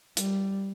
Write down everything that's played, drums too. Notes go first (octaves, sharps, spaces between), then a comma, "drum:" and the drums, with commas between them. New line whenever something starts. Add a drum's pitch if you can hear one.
G3, drum: hi-hat